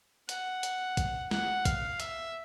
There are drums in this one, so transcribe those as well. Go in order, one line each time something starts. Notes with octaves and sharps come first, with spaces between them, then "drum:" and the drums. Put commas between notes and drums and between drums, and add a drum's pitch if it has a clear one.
F#5, drum: hi-hat
drum: hi-hat
drum: kick, hi-hat
F#5, drum: snare
F5, drum: kick, hi-hat
E5, drum: hi-hat